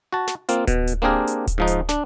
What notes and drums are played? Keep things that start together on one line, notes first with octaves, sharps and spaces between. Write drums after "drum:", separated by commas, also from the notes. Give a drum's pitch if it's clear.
F#4 A5
drum: snare
A#3 C4 F4, drum: hi-hat
B2, drum: kick D1, hi-hat
drum: hi-hat
A#3 C4 D4 G4 G#4 A#4
drum: hi-hat
drum: kick D1, hi-hat
G#2 F3 D#4
drum: hi-hat
D4, drum: snare